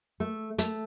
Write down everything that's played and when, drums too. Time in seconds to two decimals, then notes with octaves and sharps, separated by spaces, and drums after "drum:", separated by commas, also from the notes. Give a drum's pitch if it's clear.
0.20 A3
0.58 A3, drum: hi-hat